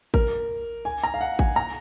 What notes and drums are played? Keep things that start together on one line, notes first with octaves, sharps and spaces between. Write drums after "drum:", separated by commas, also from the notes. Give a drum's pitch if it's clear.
A#4, drum: kick G#1
G#5
A#5
F5
F#5
G#5, drum: kick G#1
A#5